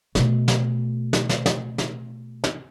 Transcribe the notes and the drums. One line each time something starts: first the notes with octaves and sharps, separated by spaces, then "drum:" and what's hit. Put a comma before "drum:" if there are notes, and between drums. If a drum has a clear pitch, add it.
B2 A3, drum: snare
drum: snare
drum: snare
drum: snare
drum: snare
drum: snare
drum: snare